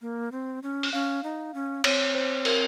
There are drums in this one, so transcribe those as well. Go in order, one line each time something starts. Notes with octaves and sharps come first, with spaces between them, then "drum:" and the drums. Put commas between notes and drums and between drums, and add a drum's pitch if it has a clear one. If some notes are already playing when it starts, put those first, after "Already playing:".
A#3
C4
C#4
drum: open hi-hat
C#4 F5
D#4
C#4
C4 C#5, drum: cymbal
C5
A#4, drum: cymbal